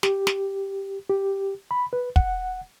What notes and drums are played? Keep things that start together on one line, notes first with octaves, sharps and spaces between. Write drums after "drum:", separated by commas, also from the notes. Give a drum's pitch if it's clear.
G4, drum: snare
drum: snare
G4
B5
B4
F#5, drum: kick